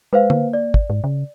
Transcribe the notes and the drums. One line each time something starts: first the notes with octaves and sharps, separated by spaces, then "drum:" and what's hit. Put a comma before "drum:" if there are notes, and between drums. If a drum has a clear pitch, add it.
G#3 B4 C5 F5
A#3, drum: tom D3
D5
drum: kick
G#2
C#3